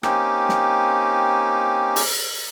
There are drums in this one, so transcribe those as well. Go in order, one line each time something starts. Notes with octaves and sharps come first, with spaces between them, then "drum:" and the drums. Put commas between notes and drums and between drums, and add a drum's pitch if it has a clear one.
A#3 C4 C#4 D#4 G4, drum: rim click
drum: snare
drum: open hi-hat